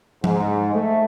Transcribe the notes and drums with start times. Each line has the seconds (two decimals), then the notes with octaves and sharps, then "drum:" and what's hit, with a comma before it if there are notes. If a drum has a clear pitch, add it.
0.24 G#2, drum: tom F3
0.73 A3